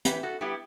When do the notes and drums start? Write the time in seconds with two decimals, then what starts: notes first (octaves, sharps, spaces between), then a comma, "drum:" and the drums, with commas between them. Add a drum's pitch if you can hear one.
0.05 E3 G4 B4, drum: hi-hat
0.23 F#4 A4
0.41 G3 B3 E4 G4